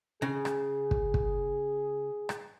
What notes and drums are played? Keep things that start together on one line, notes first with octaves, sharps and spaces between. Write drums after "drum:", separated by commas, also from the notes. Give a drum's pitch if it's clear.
C#3 G#4
drum: rim click
drum: kick
drum: kick
drum: rim click